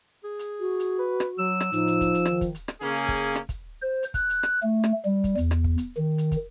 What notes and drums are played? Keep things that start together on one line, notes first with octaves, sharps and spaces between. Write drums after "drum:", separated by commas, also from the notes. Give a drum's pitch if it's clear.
G#4
drum: hi-hat
F#4
drum: hi-hat
B4
drum: rim click
F#3 E6
drum: rim click
A2 F3 D#4, drum: hi-hat
drum: hi-hat
drum: kick, hi-hat
drum: hi-hat
D#3, drum: rim click
drum: kick, hi-hat
drum: hi-hat
drum: rim click
C#3 A#3 C#4 G#4, drum: hi-hat
drum: hi-hat
drum: kick, hi-hat
drum: hi-hat
drum: rim click
drum: kick, hi-hat
C5
drum: hi-hat
F#6, drum: kick, hi-hat
drum: hi-hat
drum: rim click
A3
drum: rim click
G3
drum: kick, hi-hat
E2, drum: hi-hat
drum: rim click
drum: kick
drum: hi-hat
D#3
drum: hi-hat
drum: kick, hi-hat